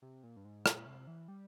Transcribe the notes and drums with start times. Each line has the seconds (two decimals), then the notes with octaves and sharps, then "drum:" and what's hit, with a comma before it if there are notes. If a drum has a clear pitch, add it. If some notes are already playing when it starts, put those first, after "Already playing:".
0.02 C3
0.23 A#2
0.36 G2
0.45 G#2
0.66 A#2, drum: rim click
0.86 C3
1.07 E3
1.28 G3